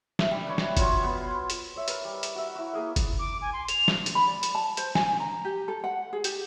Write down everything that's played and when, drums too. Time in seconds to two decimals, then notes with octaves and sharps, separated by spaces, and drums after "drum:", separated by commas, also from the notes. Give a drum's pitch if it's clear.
0.19 E5, drum: snare
0.31 G3
0.47 B4 C#5
0.58 drum: snare
0.77 F#3 F4 C#5, drum: kick F#1, hi-hat
1.03 B3 B4
1.20 C6
1.50 drum: hi-hat
1.76 C#5 E5
1.88 A#4 B4, drum: hi-hat
2.05 G3
2.23 drum: hi-hat
2.35 F#4 E5
2.55 E4 F#4
2.73 A#3 G#4 A#4
2.96 drum: kick F#1, hi-hat
3.19 D6
3.41 G#5
3.53 C6
3.68 F7, drum: hi-hat
3.88 drum: snare
4.06 drum: hi-hat
4.15 B5
4.27 D5
4.43 drum: hi-hat
4.55 A5
4.77 C5, drum: hi-hat
4.95 G#5, drum: snare
5.20 A#5
5.45 G4
5.68 A4
5.84 F#5
6.13 G#4
6.24 G4, drum: hi-hat